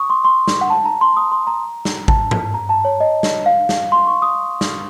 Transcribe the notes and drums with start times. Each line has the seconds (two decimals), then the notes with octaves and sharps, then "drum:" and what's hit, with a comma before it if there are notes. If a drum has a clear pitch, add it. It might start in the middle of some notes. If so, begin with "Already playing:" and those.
Already playing: C#6 D#6
0.10 C6
0.24 C6
0.48 drum: snare
0.61 F#5
0.70 A5
0.86 A#5
1.01 C6
1.17 D#6
1.32 C6
1.47 A#5
1.85 drum: snare
2.08 A5, drum: kick
2.31 drum: tom G2
2.54 A#5
2.69 A5
2.85 C#5
3.00 D#5
3.23 drum: snare
3.46 F5
3.69 drum: snare
3.92 C6
4.07 C#6
4.22 D#6
4.61 drum: snare